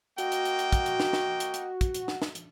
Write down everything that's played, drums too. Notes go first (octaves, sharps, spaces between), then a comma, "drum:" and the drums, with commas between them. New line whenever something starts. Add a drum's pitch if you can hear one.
A#3 F#4 D#5 G5, drum: hi-hat
drum: hi-hat
drum: hi-hat
drum: hi-hat
drum: kick, hi-hat
drum: hi-hat
drum: snare
drum: snare
drum: hi-hat
drum: hi-hat
drum: kick, hi-hat
drum: hi-hat
drum: snare
drum: snare
drum: hi-hat